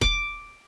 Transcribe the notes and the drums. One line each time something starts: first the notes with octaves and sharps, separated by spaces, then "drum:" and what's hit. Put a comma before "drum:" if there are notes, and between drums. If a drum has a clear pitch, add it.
D6, drum: kick E1